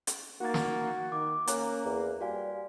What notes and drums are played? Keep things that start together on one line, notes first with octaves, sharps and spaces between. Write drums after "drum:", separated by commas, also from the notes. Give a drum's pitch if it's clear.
drum: hi-hat
A#3 D#4 F#4 A6
drum: snare
D#3 D6
A#3 C#4 A#5 F#6, drum: hi-hat
E2
G3 F#4 F5 G#5